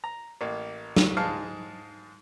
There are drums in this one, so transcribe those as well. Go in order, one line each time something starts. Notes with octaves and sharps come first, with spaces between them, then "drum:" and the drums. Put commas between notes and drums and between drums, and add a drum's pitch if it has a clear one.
A#5
A1 A#3
drum: snare
G#2 G#3 F5 A5 F6